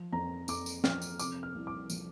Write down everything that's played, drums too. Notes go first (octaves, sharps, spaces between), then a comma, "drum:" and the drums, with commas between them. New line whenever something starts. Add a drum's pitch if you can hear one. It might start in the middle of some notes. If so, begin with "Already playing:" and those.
Already playing: F3
F2 A#5
F2 D6, drum: tambourine
drum: tambourine
F3 F6, drum: snare
drum: tambourine
C3 D6, drum: tambourine
F6
C2
D6
F3, drum: tambourine